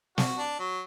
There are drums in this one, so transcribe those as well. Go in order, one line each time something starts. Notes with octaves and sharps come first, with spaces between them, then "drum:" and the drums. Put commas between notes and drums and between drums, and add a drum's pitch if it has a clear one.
D4 F#4, drum: snare
D4
F#3